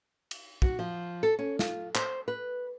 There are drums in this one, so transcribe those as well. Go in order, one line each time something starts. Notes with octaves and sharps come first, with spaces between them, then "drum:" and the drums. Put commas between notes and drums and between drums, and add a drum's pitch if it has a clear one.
drum: cymbal
F#4, drum: kick
F3
A4
C#4
F4, drum: snare
C5, drum: clap
B4